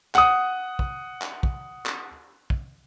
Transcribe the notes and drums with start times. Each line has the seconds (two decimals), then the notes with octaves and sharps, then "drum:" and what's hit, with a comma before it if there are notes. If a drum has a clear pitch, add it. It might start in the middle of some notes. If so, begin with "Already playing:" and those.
0.15 F#5 D#6, drum: clap
0.79 drum: kick
1.22 drum: clap
1.43 drum: kick
1.86 drum: clap
2.50 drum: kick